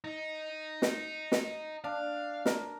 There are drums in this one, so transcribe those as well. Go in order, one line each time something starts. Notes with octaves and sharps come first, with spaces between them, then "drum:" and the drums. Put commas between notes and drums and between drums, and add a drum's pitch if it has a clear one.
D#4
drum: snare
drum: snare
D4 F5
A#4, drum: snare